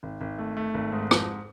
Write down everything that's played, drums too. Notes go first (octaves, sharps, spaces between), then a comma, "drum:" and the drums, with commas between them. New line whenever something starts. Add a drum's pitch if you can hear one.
G#1
G#1
A3
A3
G#1
G#2
F2, drum: rim click